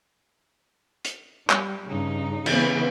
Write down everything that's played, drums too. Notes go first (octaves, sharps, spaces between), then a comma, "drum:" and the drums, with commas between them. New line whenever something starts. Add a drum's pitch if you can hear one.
drum: hi-hat
G3, drum: clap
G2 C#3 D#4
C#3 E3 G#3 B3 C4 B4, drum: cymbal